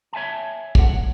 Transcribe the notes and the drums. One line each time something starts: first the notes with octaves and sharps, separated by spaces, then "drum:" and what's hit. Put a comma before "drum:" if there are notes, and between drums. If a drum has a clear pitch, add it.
C#5 E5 F#5 G#5 A5
C#5 F#5, drum: kick